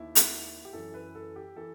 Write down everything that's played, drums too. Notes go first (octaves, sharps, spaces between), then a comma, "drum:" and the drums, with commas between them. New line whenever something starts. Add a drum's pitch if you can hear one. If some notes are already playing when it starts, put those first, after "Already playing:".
Already playing: D#2 D#3 E4
drum: hi-hat
G4
F#2 E3 A4
B4
A4
G4
E3 A4